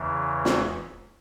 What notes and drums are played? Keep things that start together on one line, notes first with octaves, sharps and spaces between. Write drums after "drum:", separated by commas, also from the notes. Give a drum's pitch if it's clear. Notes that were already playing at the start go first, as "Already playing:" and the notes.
Already playing: E2 C#3 E3
drum: snare